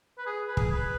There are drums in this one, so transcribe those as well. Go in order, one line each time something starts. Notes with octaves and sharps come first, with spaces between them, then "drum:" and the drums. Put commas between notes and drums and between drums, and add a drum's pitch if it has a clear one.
B4
G#4
B4
G#4, drum: kick
B4